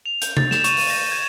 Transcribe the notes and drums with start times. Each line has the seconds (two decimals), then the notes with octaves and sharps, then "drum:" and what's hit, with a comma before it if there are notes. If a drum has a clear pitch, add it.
0.06 F7
0.22 G6, drum: hi-hat
0.37 A6, drum: tom C3
0.51 E7, drum: snare
0.64 C#6, drum: hi-hat
0.77 D#7, drum: open hi-hat
0.90 A#6
1.12 G#6